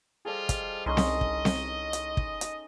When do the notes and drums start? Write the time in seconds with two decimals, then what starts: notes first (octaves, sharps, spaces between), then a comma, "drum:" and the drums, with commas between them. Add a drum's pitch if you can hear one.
0.25 F3 G3 F4 G#4 A4 D#5
0.49 drum: kick, hi-hat
0.86 C2 C#4 D#4 D#5 C6
0.97 drum: snare C4
1.21 drum: kick
1.45 drum: snare C4
1.93 drum: hi-hat
2.17 drum: kick
2.41 drum: hi-hat